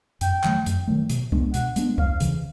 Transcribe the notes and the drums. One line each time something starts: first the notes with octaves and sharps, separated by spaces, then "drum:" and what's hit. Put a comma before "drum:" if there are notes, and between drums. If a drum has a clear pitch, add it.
F#2 G5, drum: hi-hat
D#3 F#3 A3, drum: clap
F#2, drum: hi-hat
D#3 F#3 A3
B2, drum: hi-hat
G#3 B3 D4, drum: kick C2
B2 F#5, drum: hi-hat
G#3 B3 D4, drum: hi-hat
E2 F5, drum: kick C2
C#3 E3, drum: hi-hat